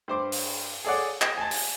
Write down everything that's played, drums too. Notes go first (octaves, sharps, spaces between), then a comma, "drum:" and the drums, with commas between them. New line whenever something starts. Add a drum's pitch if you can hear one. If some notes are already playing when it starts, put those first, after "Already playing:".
G2 C5 D6
drum: open hi-hat
G#4 A4 C#5 D5 F#5
D#5 G5, drum: clap
G#5 A5
drum: open hi-hat